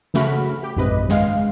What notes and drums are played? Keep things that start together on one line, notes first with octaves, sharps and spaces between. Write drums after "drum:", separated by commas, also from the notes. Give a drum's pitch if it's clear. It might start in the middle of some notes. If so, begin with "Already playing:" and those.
C#3 A3 F#4 B5 F6, drum: snare
G4
A#1 F2 G#2 C3 B4 D#5, drum: tom F#2
G#1 G#3 F5, drum: snare